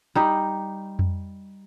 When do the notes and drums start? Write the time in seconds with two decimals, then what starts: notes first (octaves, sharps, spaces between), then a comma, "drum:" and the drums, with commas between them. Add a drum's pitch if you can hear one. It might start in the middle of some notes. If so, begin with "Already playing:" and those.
0.15 G3 D#4 G4
0.99 drum: tom F2